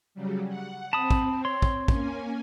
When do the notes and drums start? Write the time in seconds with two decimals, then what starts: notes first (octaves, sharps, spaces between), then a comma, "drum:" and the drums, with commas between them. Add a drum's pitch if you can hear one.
0.15 C#3 F#3 G3
0.49 F#5
0.93 C4 A5 B5 D#6
1.11 drum: kick
1.45 C#5 C6
1.62 drum: kick
1.88 A#3 C#4 G#5, drum: kick